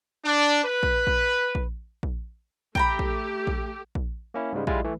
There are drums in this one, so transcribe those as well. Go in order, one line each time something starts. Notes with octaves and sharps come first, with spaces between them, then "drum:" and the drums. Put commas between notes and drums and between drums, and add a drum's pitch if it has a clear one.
D4
B4
drum: kick A#1
drum: kick A#1
drum: kick A#1
drum: kick A#1
A3 G4 G5 A#5 B5, drum: kick A#1
drum: kick A#1
drum: kick A#1
drum: kick A#1
A#3 C#4 E4
G#2 C#3 G3 G#3
G3 G#3 E4 F4, drum: kick A#1
E3 A3